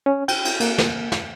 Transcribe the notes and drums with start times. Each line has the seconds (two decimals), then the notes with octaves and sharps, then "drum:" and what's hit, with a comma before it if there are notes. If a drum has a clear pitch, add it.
0.06 C#4
0.28 G5, drum: cymbal
0.45 drum: cymbal
0.60 A#3, drum: cymbal
0.78 drum: snare
1.12 drum: snare